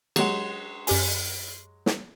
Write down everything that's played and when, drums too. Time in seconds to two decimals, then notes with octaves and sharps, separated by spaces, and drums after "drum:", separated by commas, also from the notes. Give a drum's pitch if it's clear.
0.16 F#3 G#3 G4 F#5, drum: cymbal
0.87 F#2 G4 G#5, drum: open hi-hat
1.86 drum: snare